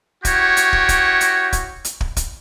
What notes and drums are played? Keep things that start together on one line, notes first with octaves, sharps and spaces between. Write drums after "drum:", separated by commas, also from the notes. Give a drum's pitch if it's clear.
E4 F#4 G4 C#5, drum: kick, hi-hat
drum: hi-hat
drum: kick
drum: kick, hi-hat
drum: hi-hat
drum: kick, hi-hat
drum: hi-hat
drum: kick
drum: kick, hi-hat